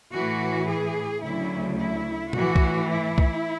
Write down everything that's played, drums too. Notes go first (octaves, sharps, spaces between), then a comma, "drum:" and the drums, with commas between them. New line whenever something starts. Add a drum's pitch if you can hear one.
A2 E3 F#4
G#4
D2 C#3 F#3 E4
E4
A2 E3 F#4, drum: tom B2
drum: kick
E4
drum: kick